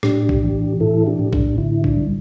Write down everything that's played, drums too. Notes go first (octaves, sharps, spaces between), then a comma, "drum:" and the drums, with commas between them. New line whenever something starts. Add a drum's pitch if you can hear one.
A2 D4 G4, drum: rim click
drum: kick A#1
E3
A2 E4 A4
D4 G4
A2
D4, drum: kick A#1
D3 E4
D4, drum: kick A#1
G3